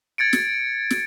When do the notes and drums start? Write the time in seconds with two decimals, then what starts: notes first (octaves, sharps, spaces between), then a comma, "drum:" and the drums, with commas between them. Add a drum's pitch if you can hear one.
0.18 G#6 A6 C#7 D7
0.33 drum: snare
0.90 drum: snare